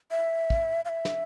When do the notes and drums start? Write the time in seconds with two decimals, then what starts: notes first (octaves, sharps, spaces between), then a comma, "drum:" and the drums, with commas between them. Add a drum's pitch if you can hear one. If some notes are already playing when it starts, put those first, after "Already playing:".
0.11 E5
0.50 drum: kick
0.85 F5
0.89 E5
1.05 drum: snare